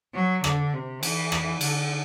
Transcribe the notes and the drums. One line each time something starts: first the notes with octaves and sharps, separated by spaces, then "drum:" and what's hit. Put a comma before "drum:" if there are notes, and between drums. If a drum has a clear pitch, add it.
F#3
D3, drum: rim click
C3
E3, drum: cymbal
drum: rim click
D3, drum: cymbal